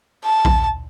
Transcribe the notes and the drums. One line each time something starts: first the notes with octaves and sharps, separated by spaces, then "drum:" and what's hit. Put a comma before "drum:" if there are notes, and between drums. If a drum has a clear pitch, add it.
A5
drum: kick A#1